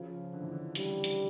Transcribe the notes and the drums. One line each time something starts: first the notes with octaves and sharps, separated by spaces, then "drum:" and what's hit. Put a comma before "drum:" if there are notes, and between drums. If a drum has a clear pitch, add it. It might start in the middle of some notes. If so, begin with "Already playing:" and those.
Already playing: C#3 F3
D3
E3
D3
F3 G3, drum: hi-hat
drum: hi-hat